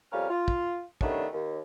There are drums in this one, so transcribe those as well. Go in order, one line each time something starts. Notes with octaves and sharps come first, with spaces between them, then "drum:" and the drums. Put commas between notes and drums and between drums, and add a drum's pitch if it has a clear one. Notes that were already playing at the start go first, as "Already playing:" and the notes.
F2 G3 C#4 A#4 F5 F6
F4
drum: kick
D#3 G3 A3 B3 C#4 D4, drum: kick
D#2